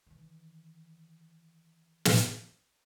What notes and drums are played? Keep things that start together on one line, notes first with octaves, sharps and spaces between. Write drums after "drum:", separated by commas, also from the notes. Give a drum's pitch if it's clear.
D#3 E3
drum: snare